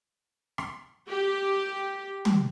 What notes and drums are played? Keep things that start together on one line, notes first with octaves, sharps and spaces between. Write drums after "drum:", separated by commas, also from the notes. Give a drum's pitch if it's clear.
drum: rim click
G4
drum: tom